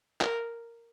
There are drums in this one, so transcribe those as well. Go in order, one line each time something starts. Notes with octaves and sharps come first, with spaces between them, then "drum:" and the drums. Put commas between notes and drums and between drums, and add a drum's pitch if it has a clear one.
A#4, drum: clap